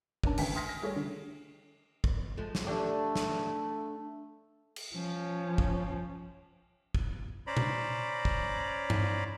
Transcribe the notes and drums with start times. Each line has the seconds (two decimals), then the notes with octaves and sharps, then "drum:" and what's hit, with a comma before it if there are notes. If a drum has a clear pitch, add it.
0.24 C#4 D4 A#4 A5, drum: kick
0.38 G#1 D2 B4 G5 G#5 B6, drum: cymbal
0.55 C6 D#6 F6 A#6 B6, drum: open hi-hat
0.69 A#6
0.82 G3 A3 G#4 A4 C#5
0.96 D3
2.04 drum: kick
2.37 F3 G#3 A3
2.55 drum: snare
2.67 D3 A3 D4 G4
3.15 drum: snare
4.76 drum: cymbal
4.95 F3 C#4
5.58 drum: kick
6.94 drum: kick
7.47 C#4 C5 D5 A#5 B5
7.57 drum: tom A#2
8.25 drum: kick
8.90 drum: tom G2